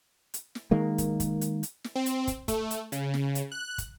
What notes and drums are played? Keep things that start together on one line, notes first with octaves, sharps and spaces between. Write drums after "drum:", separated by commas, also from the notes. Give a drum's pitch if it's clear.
drum: hi-hat
drum: snare
D#3 G#3 A#3
drum: kick, hi-hat
drum: kick, hi-hat
drum: hi-hat
drum: hi-hat
drum: snare
C4
drum: hi-hat
drum: kick, hi-hat
A3, drum: kick, hi-hat
drum: hi-hat
C#3, drum: hi-hat
drum: snare
drum: hi-hat
F#6
drum: kick, hi-hat